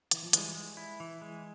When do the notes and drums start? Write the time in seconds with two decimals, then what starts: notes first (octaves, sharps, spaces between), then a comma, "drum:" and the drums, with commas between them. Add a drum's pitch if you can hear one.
0.11 E3, drum: hi-hat
0.23 F3
0.33 E3 G3 G#3, drum: hi-hat
0.55 G#3
0.77 E4
1.00 E3
1.21 G#3